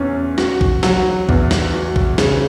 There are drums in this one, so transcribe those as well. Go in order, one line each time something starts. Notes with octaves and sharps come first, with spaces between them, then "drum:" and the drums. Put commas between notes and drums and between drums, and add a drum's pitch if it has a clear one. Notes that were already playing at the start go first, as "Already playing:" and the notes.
Already playing: E2 C#4
F#4, drum: snare
drum: kick
F#3, drum: snare
E2, drum: kick
drum: snare
F#4
drum: kick
C#3, drum: snare